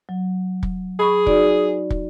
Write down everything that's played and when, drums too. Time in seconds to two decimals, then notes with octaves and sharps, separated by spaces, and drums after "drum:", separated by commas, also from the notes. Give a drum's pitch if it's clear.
0.09 F#3
0.63 drum: kick
0.99 G#4 B5 C#6
1.27 D#4 F#4 D5, drum: kick
1.90 drum: kick